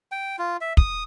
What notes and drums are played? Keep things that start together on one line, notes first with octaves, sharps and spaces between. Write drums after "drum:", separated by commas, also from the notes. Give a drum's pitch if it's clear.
G5
F4
E5
D#6, drum: kick